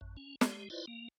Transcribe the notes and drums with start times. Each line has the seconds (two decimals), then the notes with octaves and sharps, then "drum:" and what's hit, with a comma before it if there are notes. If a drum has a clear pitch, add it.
0.01 A1 F#2
0.17 C#4
0.41 G#3 G4, drum: snare
0.70 E4 F4 B4 C5 D5 D#5
0.87 A#3